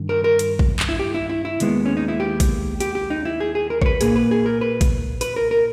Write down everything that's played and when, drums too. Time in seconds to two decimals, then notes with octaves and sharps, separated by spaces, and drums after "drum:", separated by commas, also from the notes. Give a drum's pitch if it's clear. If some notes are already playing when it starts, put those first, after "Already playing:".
Already playing: G2 D#3
0.09 A#4
0.24 A#4
0.39 drum: hi-hat
0.59 drum: kick A1
0.79 drum: clap
0.89 E4
0.99 G4
1.14 E4
1.30 E4
1.45 E4
1.60 D#2 D#3 G#3 B3, drum: hi-hat
1.86 C#4
1.97 D#4
2.08 E4
2.20 G4
2.40 drum: kick A1, hi-hat
2.80 G4, drum: hi-hat
2.95 G4
3.10 D#4
3.25 E4
3.40 G#4
3.55 G#4
3.70 A#4
3.82 C#5, drum: kick A1
3.86 B4
4.01 A#2 A#3 G#4, drum: hi-hat
4.16 B4
4.31 G#4
4.46 A#4
4.61 B4
4.81 drum: kick A1, hi-hat
5.21 B4, drum: hi-hat
5.36 A#4
5.51 A#4